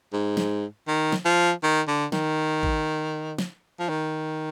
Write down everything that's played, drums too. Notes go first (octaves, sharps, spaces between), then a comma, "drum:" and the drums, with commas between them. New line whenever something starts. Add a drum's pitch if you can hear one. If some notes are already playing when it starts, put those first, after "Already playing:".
G#2
drum: snare
D#3
drum: snare
F3
D#3
D3
D#3, drum: snare
drum: kick
drum: snare
F3
D#3